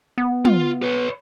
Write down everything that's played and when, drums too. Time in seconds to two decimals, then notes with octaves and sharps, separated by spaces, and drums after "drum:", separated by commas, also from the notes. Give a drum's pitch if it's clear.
0.18 B3
0.45 F4, drum: tom
0.82 B4 C#5